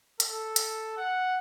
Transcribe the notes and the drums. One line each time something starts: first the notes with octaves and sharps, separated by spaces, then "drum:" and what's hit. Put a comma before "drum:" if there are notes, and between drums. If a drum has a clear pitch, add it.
A4, drum: hi-hat
drum: hi-hat
F#5